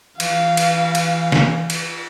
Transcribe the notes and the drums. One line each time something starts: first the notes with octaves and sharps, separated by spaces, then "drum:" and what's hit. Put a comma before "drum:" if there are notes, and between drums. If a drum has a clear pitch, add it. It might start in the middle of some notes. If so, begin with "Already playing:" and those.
E3 F5, drum: cymbal
drum: cymbal
drum: cymbal
drum: snare
drum: cymbal